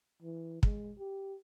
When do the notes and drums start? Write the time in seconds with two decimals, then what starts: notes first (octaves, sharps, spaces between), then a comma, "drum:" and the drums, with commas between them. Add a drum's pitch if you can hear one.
0.22 E3
0.63 G#3, drum: kick
0.99 G4